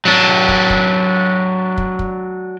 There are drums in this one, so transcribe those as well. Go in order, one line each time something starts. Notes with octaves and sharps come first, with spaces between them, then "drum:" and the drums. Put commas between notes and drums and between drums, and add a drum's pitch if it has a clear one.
F#3 D4
drum: kick
drum: kick
drum: kick
drum: kick